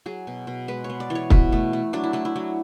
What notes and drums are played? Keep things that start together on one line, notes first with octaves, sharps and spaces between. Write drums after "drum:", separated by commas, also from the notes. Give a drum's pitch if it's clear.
F#3 G#4
B2
B2
G#3 B4
C#5
B3
D5
E3
C#5
B2 B4, drum: kick
A3
A3
F#3 D4
E4
A3 D4
E4
F#3